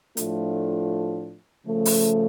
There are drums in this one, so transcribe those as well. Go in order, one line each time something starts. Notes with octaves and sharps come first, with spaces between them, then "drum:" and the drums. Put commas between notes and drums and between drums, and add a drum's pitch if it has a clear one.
A2 F3 A3 D4 F4, drum: hi-hat
C#3 F3 A3
drum: open hi-hat